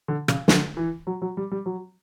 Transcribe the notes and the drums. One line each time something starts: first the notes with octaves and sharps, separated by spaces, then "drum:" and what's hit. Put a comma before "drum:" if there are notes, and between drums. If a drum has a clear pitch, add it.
D3
C#3, drum: rim click
D3, drum: snare
E3
F#3
F#3
G3
G3
F#3